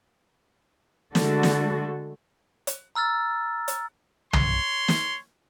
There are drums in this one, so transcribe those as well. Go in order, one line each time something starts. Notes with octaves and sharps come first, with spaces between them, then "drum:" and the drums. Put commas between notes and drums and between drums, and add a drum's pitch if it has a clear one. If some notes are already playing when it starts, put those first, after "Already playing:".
D3 G#3 A3 F#4 A4, drum: snare
drum: snare
drum: hi-hat
A#5 E6 F6 A6
drum: hi-hat
C#5 C6, drum: tom
drum: snare